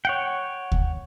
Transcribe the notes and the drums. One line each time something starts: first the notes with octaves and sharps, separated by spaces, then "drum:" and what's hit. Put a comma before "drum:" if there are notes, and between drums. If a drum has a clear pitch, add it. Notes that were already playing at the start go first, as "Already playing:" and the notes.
C#5 F#5 G5
drum: kick D2